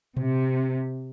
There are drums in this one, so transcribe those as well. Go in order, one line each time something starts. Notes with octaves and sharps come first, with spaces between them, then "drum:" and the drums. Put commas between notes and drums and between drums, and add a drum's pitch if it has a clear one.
C3, drum: tom A#2